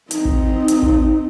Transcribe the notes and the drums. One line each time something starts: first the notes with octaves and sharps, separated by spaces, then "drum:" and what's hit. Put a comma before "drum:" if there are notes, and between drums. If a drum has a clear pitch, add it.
C4 D#4, drum: hi-hat
drum: kick
drum: hi-hat
drum: kick